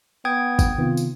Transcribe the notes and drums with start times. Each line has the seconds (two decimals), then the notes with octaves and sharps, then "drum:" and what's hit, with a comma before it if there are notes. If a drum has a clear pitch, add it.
0.25 B3 G5 D#6 G#6
0.59 drum: kick G#1, tambourine
0.78 C3 D#3 B3 F4
0.97 drum: tambourine